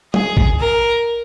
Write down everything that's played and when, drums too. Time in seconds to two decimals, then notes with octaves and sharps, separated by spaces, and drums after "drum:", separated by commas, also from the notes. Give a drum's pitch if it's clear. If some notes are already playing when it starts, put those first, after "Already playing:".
0.14 G#4, drum: tom
0.37 drum: kick
0.59 A#4